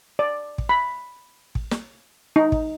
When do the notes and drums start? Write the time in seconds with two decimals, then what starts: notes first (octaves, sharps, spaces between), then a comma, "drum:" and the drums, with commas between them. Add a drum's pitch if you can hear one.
0.19 D5
0.58 drum: kick
0.69 B5
1.55 drum: kick
1.71 drum: snare
2.36 D#4
2.52 drum: kick